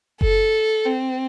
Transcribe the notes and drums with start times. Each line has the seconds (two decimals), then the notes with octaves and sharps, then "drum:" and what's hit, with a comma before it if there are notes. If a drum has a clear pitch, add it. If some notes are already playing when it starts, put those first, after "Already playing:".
0.21 A4, drum: kick F#1
0.86 C4